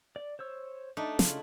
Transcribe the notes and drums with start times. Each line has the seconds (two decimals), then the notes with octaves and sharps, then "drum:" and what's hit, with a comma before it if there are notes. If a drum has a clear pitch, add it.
0.16 D5
0.39 C5 C#5 E6
0.97 A3 D4 D#4
1.19 C#3 E4 F4, drum: snare